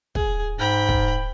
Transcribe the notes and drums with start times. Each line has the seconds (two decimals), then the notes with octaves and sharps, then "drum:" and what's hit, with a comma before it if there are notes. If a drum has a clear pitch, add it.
0.15 G#4, drum: kick
0.58 G#2 G5 B5
0.89 drum: kick